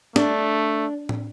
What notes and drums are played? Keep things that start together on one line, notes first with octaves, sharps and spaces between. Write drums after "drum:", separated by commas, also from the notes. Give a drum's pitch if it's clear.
A3 D4, drum: snare
drum: tom A2